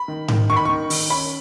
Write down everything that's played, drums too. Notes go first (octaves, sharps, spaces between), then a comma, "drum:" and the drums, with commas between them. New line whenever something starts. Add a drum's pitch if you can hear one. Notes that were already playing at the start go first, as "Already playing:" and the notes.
Already playing: B5
D#3
D#3, drum: tom G#2
D#3 C#6
B5
D#3 C#6
D#3, drum: open hi-hat
C#4 B5